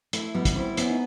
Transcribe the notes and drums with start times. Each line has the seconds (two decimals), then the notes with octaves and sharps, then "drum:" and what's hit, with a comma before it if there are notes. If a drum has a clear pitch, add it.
0.13 A3 E4, drum: hi-hat
0.34 G3 B3
0.45 drum: kick, hi-hat
0.56 C4 E4
0.77 B3 C#4, drum: hi-hat
0.90 D#4